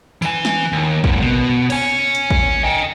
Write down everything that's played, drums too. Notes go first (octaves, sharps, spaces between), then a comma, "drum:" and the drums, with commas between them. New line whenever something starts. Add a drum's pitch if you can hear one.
E3 G#5, drum: tambourine
drum: snare
D#2
C#2 F#2, drum: kick
B2
C#5 G#5, drum: cymbal
drum: hi-hat
drum: kick
D#5 G5